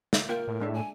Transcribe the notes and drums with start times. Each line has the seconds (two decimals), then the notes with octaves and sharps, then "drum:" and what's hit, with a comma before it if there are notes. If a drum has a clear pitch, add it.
0.13 E5 F5, drum: snare
0.29 A#3 F4 A#4 G5
0.48 A2
0.60 G#3 D4 E5
0.74 G#5